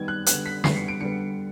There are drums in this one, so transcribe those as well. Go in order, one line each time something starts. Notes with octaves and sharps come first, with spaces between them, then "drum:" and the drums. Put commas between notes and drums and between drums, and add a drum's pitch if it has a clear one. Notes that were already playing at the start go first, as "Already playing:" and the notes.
Already playing: D#3 G3 B3 G#6
F#6
D3 G3 B3 F#6, drum: hi-hat
B6
D3 G3 B3 C7, drum: snare
C#7
D7
D3 G3 B3 C#7